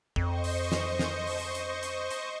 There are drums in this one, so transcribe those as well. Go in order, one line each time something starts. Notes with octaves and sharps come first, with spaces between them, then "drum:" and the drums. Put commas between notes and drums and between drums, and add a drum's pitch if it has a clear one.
F2 C5 D#5 C#6, drum: kick
drum: open hi-hat
drum: snare
drum: snare
drum: open hi-hat
drum: hi-hat
drum: hi-hat
drum: hi-hat